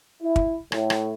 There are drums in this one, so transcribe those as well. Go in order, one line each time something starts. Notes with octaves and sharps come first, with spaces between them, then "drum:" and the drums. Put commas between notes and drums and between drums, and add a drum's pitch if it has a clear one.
E4
drum: kick
A2, drum: rim click
drum: rim click